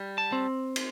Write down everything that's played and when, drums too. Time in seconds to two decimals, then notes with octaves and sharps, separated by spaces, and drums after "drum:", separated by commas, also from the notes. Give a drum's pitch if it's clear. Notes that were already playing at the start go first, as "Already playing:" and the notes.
Already playing: G3
0.18 A5
0.32 C4
0.76 drum: cymbal